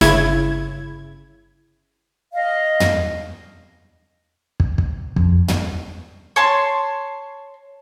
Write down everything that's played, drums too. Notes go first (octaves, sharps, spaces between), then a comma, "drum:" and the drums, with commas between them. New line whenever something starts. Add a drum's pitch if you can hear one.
G1 C#3 E4 G#6, drum: snare
D#5 F5
drum: tom
drum: kick
drum: kick
F2, drum: kick
drum: tom
C#5 A5 C6